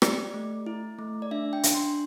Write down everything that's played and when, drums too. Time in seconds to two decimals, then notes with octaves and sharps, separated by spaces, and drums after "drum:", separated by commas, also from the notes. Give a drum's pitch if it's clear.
0.02 G4 D5, drum: rim click
0.34 A3
0.66 E4
0.99 A3
1.22 D5
1.31 D4 E5
1.53 G5
1.63 D4, drum: hi-hat
1.75 C6